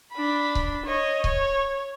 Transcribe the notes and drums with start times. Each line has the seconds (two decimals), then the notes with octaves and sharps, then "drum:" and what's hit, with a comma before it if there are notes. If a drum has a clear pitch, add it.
0.13 D4 B5
0.55 drum: kick C#1
0.86 C#5 D#5
1.24 C#5, drum: kick C#1